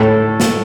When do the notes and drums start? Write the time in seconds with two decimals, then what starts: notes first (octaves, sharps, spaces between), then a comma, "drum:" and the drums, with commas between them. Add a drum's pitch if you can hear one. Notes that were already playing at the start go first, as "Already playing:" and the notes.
Already playing: A2 A4
0.40 drum: snare